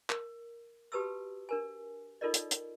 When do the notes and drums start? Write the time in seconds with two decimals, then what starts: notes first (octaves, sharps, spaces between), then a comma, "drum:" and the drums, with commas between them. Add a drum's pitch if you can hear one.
0.10 A#4, drum: clap
0.92 F#4 G4 B4 A5 D#6 E6
1.49 D4 A#4 G#5
2.21 D#4 F4 A4 A#4 D5 D#5
2.34 drum: hi-hat
2.51 drum: hi-hat